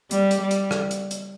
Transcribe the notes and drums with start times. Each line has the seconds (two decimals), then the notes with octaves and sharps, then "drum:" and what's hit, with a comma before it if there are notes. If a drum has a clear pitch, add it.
0.11 G3, drum: hi-hat
0.31 drum: hi-hat
0.41 G3
0.51 drum: hi-hat
0.71 drum: rim click
0.91 drum: hi-hat
1.11 drum: hi-hat